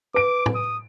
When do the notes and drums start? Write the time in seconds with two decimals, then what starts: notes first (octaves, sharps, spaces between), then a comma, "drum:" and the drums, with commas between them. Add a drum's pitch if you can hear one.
0.14 B4 D6 D7
0.46 drum: tom
0.55 D#6